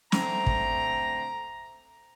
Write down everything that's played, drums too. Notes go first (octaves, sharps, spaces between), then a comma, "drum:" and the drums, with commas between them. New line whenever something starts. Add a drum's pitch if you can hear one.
D3 A3 C4 A#5, drum: snare
drum: kick